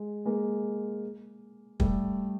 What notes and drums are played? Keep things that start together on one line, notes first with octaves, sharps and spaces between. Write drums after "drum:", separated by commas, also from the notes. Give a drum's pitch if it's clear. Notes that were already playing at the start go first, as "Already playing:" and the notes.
Already playing: G#3
G#3 A#3
G3 A3, drum: kick